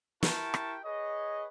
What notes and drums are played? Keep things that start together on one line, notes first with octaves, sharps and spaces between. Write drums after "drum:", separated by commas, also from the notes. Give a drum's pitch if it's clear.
E4 G4 A#4 G5 A5 C#6, drum: snare
drum: rim click
G#4 B4 C#5 D#5